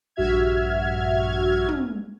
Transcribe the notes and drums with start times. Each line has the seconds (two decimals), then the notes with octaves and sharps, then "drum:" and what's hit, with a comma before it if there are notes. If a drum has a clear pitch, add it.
0.16 A#1 G2 F#4 E5 F6 G#6
1.68 drum: tom